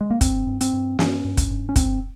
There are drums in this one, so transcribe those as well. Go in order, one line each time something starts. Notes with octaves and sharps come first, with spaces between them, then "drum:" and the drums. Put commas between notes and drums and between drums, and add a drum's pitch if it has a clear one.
G#3
A#3
G2 C4, drum: kick, hi-hat
G2
C4, drum: hi-hat
G2
G2 C#4, drum: snare
G2
drum: kick, hi-hat
G2
C#4
G2 C4, drum: kick, hi-hat